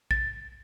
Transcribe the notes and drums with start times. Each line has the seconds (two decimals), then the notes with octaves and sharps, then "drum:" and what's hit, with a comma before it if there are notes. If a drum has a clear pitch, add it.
0.11 A6, drum: kick A#1